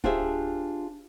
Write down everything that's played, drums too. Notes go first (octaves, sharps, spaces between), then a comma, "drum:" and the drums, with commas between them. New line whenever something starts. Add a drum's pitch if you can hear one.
D4 F4 G4 G#4 C5 E5, drum: kick D1